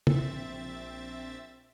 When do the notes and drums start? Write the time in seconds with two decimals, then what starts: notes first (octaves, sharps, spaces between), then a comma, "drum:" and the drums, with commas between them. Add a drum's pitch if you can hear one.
0.07 A#1 C4 E5 A6, drum: tom